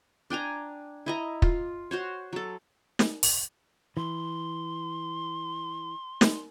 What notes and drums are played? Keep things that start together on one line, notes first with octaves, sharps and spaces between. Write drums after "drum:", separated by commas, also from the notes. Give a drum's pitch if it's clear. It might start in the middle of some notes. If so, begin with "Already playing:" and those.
D4 G5 G#5 A#5
E4 D#5 A#5
F4, drum: kick
F#4 C5 C#5
F#3 A4
drum: snare
drum: open hi-hat
E3 C6
drum: snare